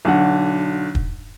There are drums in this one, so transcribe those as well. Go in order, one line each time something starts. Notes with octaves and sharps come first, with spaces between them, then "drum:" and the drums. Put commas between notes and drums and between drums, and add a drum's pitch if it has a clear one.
B1 D3 F#4 F#5
drum: kick